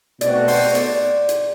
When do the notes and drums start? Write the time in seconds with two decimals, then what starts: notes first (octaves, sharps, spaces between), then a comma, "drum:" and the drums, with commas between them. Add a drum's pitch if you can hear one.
0.21 B2 A3 C4 F#4 D5, drum: hi-hat
0.48 C5, drum: open hi-hat
0.75 D5, drum: hi-hat
1.29 drum: hi-hat